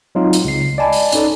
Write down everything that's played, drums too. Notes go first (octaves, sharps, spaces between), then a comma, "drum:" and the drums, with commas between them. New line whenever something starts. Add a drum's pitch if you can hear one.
F#3 G#3 C4 D#4 F4
drum: hi-hat
C#2 C7
D5 D#5 G#5 A5 B5
drum: open hi-hat
C#4 D#4 A4 D5, drum: hi-hat